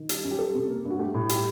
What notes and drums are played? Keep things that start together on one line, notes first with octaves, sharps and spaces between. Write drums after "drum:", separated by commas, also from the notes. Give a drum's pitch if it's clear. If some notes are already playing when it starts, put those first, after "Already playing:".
Already playing: D#3
G3, drum: hi-hat
F#2
G4
G3 A4
C3
A#3
G2
F#4
A3 G4
A2
G3 G4, drum: hi-hat